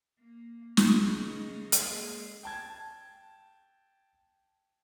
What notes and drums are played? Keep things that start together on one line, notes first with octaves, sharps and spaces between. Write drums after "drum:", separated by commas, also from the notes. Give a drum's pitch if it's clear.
A#3
C#3 D#4, drum: snare
G#3 A#3, drum: hi-hat
G5 A5 G#6